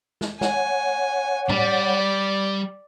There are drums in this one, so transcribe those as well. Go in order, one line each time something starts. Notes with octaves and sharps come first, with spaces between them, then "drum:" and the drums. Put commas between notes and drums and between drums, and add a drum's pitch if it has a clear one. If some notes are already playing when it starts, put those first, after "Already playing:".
drum: snare
C#5 F#5 G#5, drum: snare
G3 D5, drum: tom A2